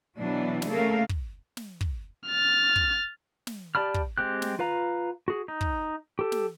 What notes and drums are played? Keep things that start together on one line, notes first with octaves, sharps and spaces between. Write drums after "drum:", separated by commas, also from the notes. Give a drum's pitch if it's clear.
B2 E3 F#3 D4
drum: snare
C#3 A3 A#3 A4 A#4 F5
drum: kick
drum: snare
drum: kick
F6 A6
drum: kick
drum: snare
G4 D5 A5 B5 F6
drum: kick
G#3 C4 G4 F#6
drum: snare
F4 B4 F5 A#5
F#4 G#4
D#4
drum: kick
G4 A4
drum: snare